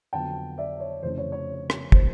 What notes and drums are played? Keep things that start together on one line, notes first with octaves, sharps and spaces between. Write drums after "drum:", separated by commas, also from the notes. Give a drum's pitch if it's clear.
F2 D3 F#3 B3 G5 A5
D5 E5
C#5
F1 F2 C#3 E3 C5
C#5
C#5
drum: rim click
E3 G3 A#3 C5, drum: kick